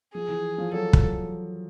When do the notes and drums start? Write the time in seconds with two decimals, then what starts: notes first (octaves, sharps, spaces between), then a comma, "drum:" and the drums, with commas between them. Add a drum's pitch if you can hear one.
0.14 F3 G#4
0.29 E3
0.58 F3
0.73 F#3 A4
0.93 drum: kick